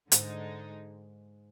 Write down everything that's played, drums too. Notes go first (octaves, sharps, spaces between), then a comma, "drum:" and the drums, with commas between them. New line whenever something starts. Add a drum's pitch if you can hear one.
G#2 D3 G#3 D#4, drum: hi-hat